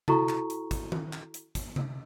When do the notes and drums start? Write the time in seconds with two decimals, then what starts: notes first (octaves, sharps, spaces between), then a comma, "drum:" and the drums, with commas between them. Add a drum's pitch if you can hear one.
0.08 E4 F#4 A4 A#5 C#6, drum: tom C3
0.29 drum: clap
0.50 drum: hi-hat
0.71 drum: kick, hi-hat
0.92 drum: tom D#3
1.13 drum: clap
1.34 drum: hi-hat
1.55 drum: kick, hi-hat
1.76 drum: tom C3